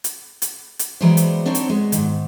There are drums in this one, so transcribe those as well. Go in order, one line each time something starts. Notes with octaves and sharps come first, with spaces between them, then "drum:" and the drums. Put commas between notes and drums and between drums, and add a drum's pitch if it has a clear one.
drum: hi-hat
drum: hi-hat
drum: hi-hat
E3 F#3 G#3 B3 C5 D5
drum: hi-hat
C4 D4 D#4 F#4 C5 C#5
drum: hi-hat
G#3 B3
G#2 D#3, drum: hi-hat